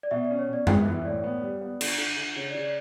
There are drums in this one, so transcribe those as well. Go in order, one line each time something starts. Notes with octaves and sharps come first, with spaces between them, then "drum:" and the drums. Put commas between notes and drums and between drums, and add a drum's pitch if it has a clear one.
D5
B2 E5
D5
C#4
C#5
B2 D5
B3 E5, drum: tom F#2
E3 E5
A2 D5
B3
G3
B3
D3, drum: cymbal
D3
D3
C#3 C#5
C#3 D5
D5